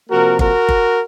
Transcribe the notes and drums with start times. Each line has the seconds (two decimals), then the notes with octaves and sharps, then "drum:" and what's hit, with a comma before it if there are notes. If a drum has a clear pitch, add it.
0.10 C3 F3 A#3 F#4 A#4
0.39 F#4 A#4, drum: kick G1
0.69 drum: kick G1